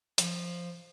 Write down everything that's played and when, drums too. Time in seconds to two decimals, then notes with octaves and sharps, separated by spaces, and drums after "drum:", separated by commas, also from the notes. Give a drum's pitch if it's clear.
0.18 F3, drum: hi-hat